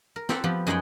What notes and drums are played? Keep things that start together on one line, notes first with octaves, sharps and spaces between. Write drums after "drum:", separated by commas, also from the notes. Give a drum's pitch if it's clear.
A#4
C4 G4 A4 C5 F#5, drum: snare
F3 B3 G4
F#2 G#3 D#4 G#4 F#5 G5